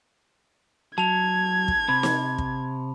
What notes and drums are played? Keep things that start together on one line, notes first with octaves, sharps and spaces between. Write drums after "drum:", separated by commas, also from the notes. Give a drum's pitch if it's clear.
F#3 A5 G#6 F7
drum: kick
C3 B5
drum: snare
drum: kick